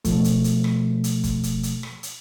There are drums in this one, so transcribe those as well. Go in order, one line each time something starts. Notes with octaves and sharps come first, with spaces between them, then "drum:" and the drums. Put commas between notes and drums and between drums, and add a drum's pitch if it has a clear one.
B2 F3 A3, drum: kick, hi-hat
drum: hi-hat
drum: hi-hat
drum: rim click
drum: hi-hat
drum: kick, hi-hat
drum: hi-hat
drum: hi-hat
drum: rim click
drum: hi-hat